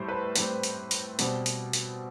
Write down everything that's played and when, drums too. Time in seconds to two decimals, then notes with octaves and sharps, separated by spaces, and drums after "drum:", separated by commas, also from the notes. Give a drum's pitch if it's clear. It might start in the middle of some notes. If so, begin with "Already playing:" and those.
Already playing: A2 G3 C5
0.08 B4
0.36 A2 G3 C4 B4, drum: hi-hat
0.63 drum: hi-hat
0.91 drum: hi-hat
1.19 B2 G3 C4, drum: hi-hat
1.46 drum: hi-hat
1.73 drum: hi-hat